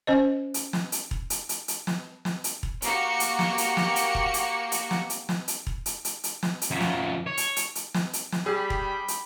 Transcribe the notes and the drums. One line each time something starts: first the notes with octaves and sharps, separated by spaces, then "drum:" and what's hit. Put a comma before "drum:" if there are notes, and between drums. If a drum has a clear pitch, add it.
C#4 C5 D#5
drum: hi-hat
drum: snare
drum: hi-hat
drum: kick E1
drum: hi-hat
drum: hi-hat
drum: hi-hat
drum: snare
drum: snare
drum: hi-hat
drum: kick E1
A#3 F#4 G4 C#7, drum: hi-hat
drum: hi-hat
drum: snare
drum: hi-hat
drum: snare
drum: hi-hat
drum: kick E1
drum: hi-hat
drum: hi-hat
drum: snare
drum: hi-hat
drum: snare
drum: hi-hat
drum: kick E1
drum: hi-hat
drum: hi-hat
drum: hi-hat
drum: snare
drum: hi-hat
F#2 F3
drum: snare
C#5
drum: hi-hat
drum: hi-hat
drum: hi-hat
drum: snare
drum: hi-hat
drum: snare
G3 D4 G#4 G5 B5
drum: kick E1
drum: hi-hat